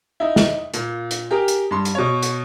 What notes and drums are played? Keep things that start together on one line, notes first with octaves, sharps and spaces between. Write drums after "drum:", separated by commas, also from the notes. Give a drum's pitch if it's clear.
D#4 E4
drum: snare
A#2, drum: hi-hat
drum: hi-hat
G4 G#4 A#4 G5
drum: hi-hat
G2 C6
drum: hi-hat
B2 C#5
drum: hi-hat